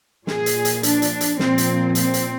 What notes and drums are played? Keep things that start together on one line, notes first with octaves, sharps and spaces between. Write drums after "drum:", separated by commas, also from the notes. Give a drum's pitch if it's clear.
A#2 F3 G#4, drum: snare
drum: hi-hat
drum: hi-hat
D4, drum: hi-hat
drum: hi-hat
drum: hi-hat
A#2 F3 C4, drum: snare
drum: hi-hat
C4, drum: hi-hat
drum: hi-hat